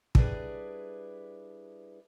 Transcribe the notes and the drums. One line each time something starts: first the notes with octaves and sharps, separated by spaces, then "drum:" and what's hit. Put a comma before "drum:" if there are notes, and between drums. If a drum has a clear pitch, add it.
G3 D4 E4 G#4 B4, drum: kick